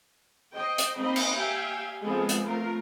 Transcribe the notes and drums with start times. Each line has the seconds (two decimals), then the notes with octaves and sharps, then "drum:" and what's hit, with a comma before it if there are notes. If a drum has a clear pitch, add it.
0.55 C5 D#5 G5
0.78 drum: hi-hat
0.98 A#3 C4 D#4 C5 D#5 B5
1.16 drum: cymbal
1.37 G4 E5 F5 G5 G#5
2.04 F3 G#3 B3 C4 G#4 A4
2.29 drum: hi-hat
2.48 A3 F4 A#4